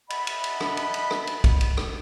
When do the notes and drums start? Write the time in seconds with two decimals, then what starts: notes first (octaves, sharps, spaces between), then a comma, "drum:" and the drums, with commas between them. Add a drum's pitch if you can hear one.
0.10 D#5 E5 F#5 A5 B5, drum: cymbal
0.27 drum: cymbal
0.44 drum: cymbal
0.60 drum: rim click
0.77 drum: cymbal
0.94 drum: cymbal
1.11 drum: rim click
1.27 drum: cymbal
1.44 drum: kick, cymbal
1.61 drum: cymbal
1.77 drum: rim click